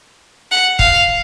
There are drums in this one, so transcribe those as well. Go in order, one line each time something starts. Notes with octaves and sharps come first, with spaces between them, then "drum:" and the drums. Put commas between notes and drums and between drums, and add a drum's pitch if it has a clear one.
F#5
F5, drum: kick